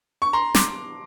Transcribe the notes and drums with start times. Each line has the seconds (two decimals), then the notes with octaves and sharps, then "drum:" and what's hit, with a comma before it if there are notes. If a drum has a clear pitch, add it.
0.22 C#6
0.33 A#5 C6
0.55 C6 D6, drum: snare